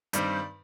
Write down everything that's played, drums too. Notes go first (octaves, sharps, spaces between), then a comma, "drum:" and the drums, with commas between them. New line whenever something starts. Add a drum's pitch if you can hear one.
G2 D#3 G3 C4 D5, drum: hi-hat